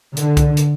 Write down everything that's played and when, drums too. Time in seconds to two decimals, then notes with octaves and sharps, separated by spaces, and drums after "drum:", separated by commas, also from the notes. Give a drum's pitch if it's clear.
0.17 D3, drum: hi-hat
0.37 drum: kick C2, hi-hat
0.57 drum: hi-hat